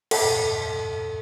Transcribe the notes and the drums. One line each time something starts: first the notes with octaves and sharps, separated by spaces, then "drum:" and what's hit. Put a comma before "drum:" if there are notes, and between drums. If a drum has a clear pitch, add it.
A4, drum: cymbal